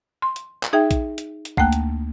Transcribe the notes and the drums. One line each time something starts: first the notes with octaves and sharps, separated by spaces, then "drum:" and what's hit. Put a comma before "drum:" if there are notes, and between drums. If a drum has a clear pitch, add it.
C6
drum: hi-hat
drum: clap
D#4 G#4 E5 G5
drum: kick A#1, hi-hat
drum: hi-hat
drum: hi-hat
D2 A3 A#3 G5 F#6, drum: kick A#1
drum: hi-hat